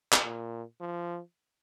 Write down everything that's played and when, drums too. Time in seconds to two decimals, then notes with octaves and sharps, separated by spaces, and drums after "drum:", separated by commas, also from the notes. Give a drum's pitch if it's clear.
0.13 drum: clap
0.24 A#2
0.81 F3